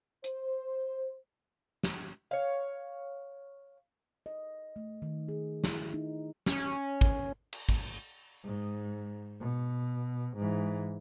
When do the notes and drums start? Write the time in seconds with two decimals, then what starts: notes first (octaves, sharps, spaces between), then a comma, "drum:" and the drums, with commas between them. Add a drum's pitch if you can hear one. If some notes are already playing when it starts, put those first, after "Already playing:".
0.24 C5, drum: hi-hat
1.83 drum: snare
2.31 C#5 F5
4.26 D#5
4.76 A3
5.02 D#3
5.28 G#4
5.64 E4, drum: snare
5.94 D#4
6.46 C#4, drum: snare
7.01 drum: kick G#1
7.53 drum: cymbal
7.69 drum: kick G#1
8.44 G#2
9.41 B2
10.36 G#2 E3